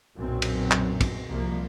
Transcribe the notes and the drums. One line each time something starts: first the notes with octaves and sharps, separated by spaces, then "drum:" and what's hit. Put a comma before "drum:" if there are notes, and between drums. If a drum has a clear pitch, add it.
B1 F#2 A#2 F#3 C4
drum: cymbal
drum: clap
drum: kick, cymbal
C2 F3 A#3